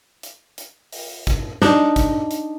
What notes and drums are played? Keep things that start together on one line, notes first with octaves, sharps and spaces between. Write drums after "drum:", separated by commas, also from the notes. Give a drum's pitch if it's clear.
drum: hi-hat
drum: hi-hat
drum: open hi-hat
drum: kick, hi-hat
D4 D#4, drum: snare
drum: kick, hi-hat
drum: hi-hat